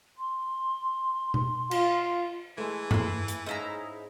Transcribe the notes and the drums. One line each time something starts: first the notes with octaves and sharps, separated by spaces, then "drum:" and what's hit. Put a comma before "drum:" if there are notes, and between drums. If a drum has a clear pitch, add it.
C6
drum: tom B2
F4, drum: cymbal
E3 G#3 A3
A3 B5 C6, drum: tom G2
drum: hi-hat
G#2 C#4 D#4 E4 G#4 F5 A#5